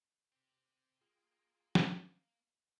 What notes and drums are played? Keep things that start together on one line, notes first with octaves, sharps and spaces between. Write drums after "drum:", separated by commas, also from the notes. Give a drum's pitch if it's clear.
C4 G4
A#3 F4 G#4 G5
drum: snare